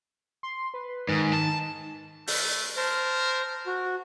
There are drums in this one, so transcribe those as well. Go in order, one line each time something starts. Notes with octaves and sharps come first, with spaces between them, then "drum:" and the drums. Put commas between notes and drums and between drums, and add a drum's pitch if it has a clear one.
C6
B4
G#2 D#3
A5
A3, drum: open hi-hat
A#4 C5 A5
F#4